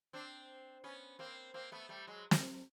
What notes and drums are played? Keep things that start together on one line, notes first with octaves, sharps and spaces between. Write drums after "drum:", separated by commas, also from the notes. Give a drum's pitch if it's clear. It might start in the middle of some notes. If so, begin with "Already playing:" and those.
C4 D4
B3 C#4
A#3 C4
A#3 C4
A3 B3
G3 A3
F#3 G#3
drum: snare